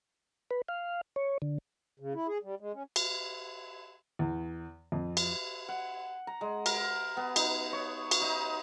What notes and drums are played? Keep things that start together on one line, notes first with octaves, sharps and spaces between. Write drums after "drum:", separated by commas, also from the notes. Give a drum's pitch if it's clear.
B4
F5
C#5
D3
C#3
E4
G#4
G3
G#3
C#4
drum: cymbal
E2
F2
drum: cymbal
F#5
A#5
G#3
A#4, drum: cymbal
B3
D#4, drum: cymbal
C#5
drum: cymbal
D#4